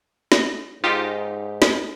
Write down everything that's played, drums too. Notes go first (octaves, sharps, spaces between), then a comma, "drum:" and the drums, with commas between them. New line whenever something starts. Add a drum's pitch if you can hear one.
drum: snare
G#2 D#4 F4 G4
drum: snare